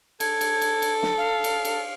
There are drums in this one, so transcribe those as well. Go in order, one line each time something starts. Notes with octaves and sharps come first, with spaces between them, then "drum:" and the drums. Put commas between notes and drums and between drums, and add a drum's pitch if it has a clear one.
A4 G#6, drum: cymbal
drum: cymbal
drum: cymbal
drum: cymbal
drum: snare
F5
drum: cymbal
drum: cymbal